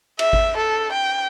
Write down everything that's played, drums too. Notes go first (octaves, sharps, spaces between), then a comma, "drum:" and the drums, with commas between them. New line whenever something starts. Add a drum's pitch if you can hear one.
E5, drum: cymbal
drum: kick G#1
A4
G5